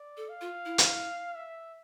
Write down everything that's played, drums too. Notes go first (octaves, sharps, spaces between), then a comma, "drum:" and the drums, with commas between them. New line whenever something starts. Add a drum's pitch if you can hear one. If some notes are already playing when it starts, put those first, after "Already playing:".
Already playing: D5
A4
F5
F4
E4
drum: hi-hat
E5